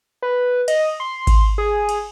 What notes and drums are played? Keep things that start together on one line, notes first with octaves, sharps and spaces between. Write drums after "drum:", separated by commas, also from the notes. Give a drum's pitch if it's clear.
B4
D#5, drum: cymbal
C6
drum: kick G#1, cymbal
G#4
drum: cymbal